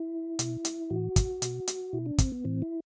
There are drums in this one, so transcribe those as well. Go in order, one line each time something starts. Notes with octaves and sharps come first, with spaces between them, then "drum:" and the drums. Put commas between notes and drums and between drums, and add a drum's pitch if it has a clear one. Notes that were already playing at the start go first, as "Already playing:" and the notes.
Already playing: E4
B2, drum: hi-hat
drum: hi-hat
A2 E3 F#4
drum: kick, hi-hat
B2, drum: hi-hat
drum: hi-hat
B2 E4
D4
C4, drum: kick, hi-hat
B3
A2 E3 C4
E4